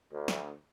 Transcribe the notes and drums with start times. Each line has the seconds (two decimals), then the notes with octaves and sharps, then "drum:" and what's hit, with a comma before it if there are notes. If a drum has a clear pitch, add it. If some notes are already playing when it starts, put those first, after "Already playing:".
0.11 D2
0.28 drum: snare